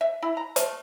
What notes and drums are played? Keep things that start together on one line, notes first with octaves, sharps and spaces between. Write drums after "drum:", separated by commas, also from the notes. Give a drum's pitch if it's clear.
E5
E4
A#5
A3, drum: hi-hat